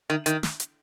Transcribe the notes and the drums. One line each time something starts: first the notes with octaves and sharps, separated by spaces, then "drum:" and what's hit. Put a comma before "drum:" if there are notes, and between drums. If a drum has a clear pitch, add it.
D#3
D#3, drum: hi-hat
drum: snare
drum: hi-hat